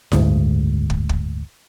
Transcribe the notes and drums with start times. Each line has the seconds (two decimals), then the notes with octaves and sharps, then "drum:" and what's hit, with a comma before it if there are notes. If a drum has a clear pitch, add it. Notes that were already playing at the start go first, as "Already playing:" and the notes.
0.12 F#1 D2 G#2, drum: snare E4
0.90 drum: kick
1.09 drum: kick